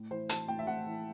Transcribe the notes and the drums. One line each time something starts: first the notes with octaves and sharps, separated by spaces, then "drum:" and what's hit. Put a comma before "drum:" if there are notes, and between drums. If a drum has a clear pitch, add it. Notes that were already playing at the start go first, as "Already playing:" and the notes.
Already playing: A2
E3 C5
E3 A5, drum: hi-hat
A2 G5
E5
A2 F#5
E3